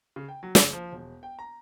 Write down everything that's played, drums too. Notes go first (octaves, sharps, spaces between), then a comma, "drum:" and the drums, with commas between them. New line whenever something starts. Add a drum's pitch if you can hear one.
C#3
G5
F#3
F#1, drum: snare
F3
E1
G5
A#5